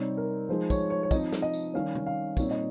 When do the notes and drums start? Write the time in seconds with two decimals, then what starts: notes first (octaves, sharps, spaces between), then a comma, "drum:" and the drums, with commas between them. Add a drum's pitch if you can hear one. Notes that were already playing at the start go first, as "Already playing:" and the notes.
Already playing: C3 G3 C4 D#4 C#5
0.17 A#4
0.49 F3 G#3 D#4 C5
0.70 C#5, drum: kick, tambourine
0.90 C#5
1.03 C#5
1.11 F3 C4 D#4 D#5, drum: kick, tambourine
1.32 drum: snare
1.42 D#5
1.53 drum: tambourine
1.74 D#3 G3 C#4 F5
1.95 drum: tom C3
2.06 F5
2.37 A#2 G3 C4 D#4 C#5, drum: kick, tambourine
2.51 D#5